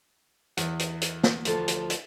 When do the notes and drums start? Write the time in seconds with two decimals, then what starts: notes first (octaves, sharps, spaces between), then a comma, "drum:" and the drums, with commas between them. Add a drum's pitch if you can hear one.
0.57 E2, drum: hi-hat
0.79 drum: hi-hat
1.01 drum: hi-hat
1.24 drum: snare
1.45 D2 F3 A4, drum: hi-hat
1.68 drum: hi-hat
1.90 drum: hi-hat